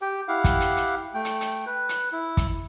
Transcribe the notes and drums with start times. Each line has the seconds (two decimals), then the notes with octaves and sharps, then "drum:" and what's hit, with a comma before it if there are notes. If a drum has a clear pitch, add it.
0.02 G4 G5
0.28 E4 G4 F5 F#5
0.44 drum: kick, hi-hat
0.60 drum: hi-hat
0.77 drum: hi-hat
1.14 A3 G5
1.25 drum: hi-hat
1.41 drum: hi-hat
1.66 B4
1.89 drum: hi-hat
2.12 E4
2.37 drum: kick, hi-hat